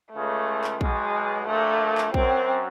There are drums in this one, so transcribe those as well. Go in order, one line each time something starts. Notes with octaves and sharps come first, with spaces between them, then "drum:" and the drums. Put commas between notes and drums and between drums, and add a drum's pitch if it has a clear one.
C#2 C#3 A3
drum: clap
B1 B2 G#3, drum: kick A#1
A#1 A#2 A3
drum: clap
F#2 C4, drum: kick A#1